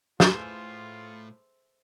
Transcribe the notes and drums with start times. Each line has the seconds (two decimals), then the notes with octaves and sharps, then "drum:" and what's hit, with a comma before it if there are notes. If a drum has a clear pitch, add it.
0.20 A2 F4 G#4 A4 B4 C5 E5, drum: snare